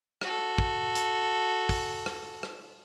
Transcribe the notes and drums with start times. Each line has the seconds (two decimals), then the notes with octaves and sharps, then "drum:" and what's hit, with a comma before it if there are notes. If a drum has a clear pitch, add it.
0.21 F#4 A4, drum: rim click
0.58 drum: kick
0.95 drum: hi-hat
1.69 drum: kick, open hi-hat
2.06 drum: rim click
2.43 drum: rim click